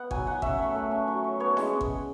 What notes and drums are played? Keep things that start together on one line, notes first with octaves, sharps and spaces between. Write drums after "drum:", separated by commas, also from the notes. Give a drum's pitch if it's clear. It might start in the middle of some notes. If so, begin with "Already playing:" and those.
Already playing: B3 F#5
F#3 G#5, drum: kick G#1
F#3 F#5
C#4 E5, drum: kick G#1
A3
A3
C#4
F#3
F#3
B3 C#5
G#3, drum: snare E4
drum: kick G#1